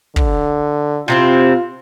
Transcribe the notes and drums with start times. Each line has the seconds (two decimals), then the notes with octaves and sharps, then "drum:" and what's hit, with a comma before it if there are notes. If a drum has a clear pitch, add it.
0.16 D3, drum: kick
1.08 C3 C4 E4 F4